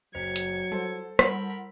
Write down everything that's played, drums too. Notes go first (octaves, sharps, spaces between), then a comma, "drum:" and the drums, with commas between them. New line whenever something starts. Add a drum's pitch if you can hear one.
F#1 F#3 C5 G#6 C#7
drum: hi-hat
G3 A4 C5
G3 A#4 F#5 B5 B6, drum: rim click